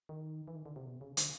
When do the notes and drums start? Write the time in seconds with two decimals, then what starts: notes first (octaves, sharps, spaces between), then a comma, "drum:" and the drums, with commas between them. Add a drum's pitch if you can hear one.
0.09 D#3
0.48 E3
0.55 D#3
0.66 D3
0.76 C3
0.86 B2
1.01 C#3
1.17 D3, drum: hi-hat